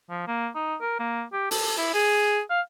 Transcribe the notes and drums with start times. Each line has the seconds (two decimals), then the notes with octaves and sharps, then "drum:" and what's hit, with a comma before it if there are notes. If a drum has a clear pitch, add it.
0.10 F3
0.28 A#3
0.55 D#4
0.81 A#4
1.00 A#3
1.33 G4
1.51 A4, drum: open hi-hat
1.78 E4
1.94 G#4
2.50 F5